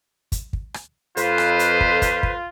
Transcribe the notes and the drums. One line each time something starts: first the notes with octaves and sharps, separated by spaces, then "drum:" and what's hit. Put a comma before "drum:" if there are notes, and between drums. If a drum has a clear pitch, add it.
drum: kick, hi-hat
drum: kick
drum: rim click
F2 F4 B4 C5, drum: hi-hat
drum: rim click
drum: hi-hat
drum: kick
drum: kick, hi-hat
drum: kick